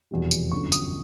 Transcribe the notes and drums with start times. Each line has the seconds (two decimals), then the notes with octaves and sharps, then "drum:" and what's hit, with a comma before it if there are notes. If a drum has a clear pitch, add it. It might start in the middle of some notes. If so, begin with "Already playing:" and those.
0.11 F1 E2 B2 G3
0.31 drum: tambourine
0.52 G1 F#2 D3 C#6
0.72 D#6, drum: tambourine